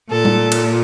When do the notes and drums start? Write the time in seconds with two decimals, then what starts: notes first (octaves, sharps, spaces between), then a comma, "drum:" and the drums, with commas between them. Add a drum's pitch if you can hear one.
0.12 A#2 A4
0.25 drum: tom G3
0.52 drum: cymbal